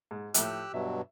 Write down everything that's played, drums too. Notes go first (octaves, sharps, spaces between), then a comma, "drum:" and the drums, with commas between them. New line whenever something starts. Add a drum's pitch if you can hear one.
G#2
A2 F3 G4 E5 E6 F#6, drum: hi-hat
G2 B2 F#3 E5